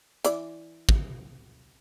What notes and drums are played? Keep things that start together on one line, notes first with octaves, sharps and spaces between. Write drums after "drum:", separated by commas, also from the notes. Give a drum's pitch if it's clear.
E3 D5, drum: hi-hat
drum: kick